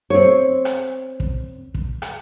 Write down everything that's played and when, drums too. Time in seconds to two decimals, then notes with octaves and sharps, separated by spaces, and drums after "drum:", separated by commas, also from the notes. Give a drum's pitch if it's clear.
0.10 C4 C#5
0.65 drum: rim click
1.20 drum: kick
1.74 drum: kick
2.02 drum: rim click